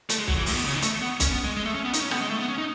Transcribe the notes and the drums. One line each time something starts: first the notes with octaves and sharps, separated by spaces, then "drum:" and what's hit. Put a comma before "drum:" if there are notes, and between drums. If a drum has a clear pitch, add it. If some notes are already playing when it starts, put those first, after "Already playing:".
A3, drum: hi-hat
G#3
F#3, drum: kick
E3
A2, drum: open hi-hat
B2
C#3
D#3
A3, drum: hi-hat
B3
C#4, drum: kick, hi-hat
B3
G#3
G#3
A3
C#4
B3
D#4, drum: hi-hat
C#4
B3, drum: rim click
G#3
A3
B3
C#4
D#4